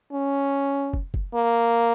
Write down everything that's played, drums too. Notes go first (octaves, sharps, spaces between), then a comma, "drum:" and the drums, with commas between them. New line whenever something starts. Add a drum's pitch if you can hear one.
C#4
drum: kick
drum: kick
A#3